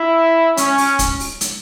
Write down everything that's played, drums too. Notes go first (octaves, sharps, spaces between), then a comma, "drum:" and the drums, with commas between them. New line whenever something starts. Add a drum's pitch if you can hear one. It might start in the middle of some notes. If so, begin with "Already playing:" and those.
Already playing: E4
C#4, drum: hi-hat
drum: open hi-hat
drum: kick, hi-hat
drum: open hi-hat
drum: hi-hat